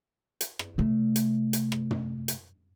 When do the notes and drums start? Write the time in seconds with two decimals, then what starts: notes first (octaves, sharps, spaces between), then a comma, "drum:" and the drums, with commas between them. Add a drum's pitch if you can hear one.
0.41 drum: hi-hat
0.59 drum: rim click
0.78 C3 A3
1.16 drum: hi-hat
1.53 drum: hi-hat
1.72 drum: rim click
1.91 drum: tom
2.28 drum: hi-hat